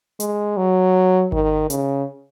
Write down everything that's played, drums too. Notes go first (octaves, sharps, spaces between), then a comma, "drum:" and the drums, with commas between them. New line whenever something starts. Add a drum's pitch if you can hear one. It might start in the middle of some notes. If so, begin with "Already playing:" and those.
G#3, drum: hi-hat
F#3
D#3, drum: kick G#1
C#3, drum: hi-hat